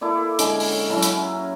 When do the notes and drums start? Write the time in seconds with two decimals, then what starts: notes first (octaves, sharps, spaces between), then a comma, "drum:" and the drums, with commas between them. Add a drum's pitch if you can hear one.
0.01 A#3 E4 A4 D5
0.39 D3 G#3 C#4 G#5, drum: hi-hat
0.60 drum: open hi-hat
0.89 F#3 C#4 E4 A#5
1.03 drum: hi-hat